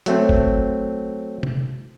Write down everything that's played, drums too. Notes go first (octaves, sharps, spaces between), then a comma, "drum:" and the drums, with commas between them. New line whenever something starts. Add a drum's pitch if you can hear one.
F#3 A3 C4, drum: hi-hat
drum: kick G1
drum: tom C3